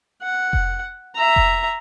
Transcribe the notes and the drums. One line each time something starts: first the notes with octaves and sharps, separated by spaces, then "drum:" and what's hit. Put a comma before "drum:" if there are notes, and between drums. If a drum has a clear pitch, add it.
F#5
drum: kick F1
E5 A#5
drum: kick F1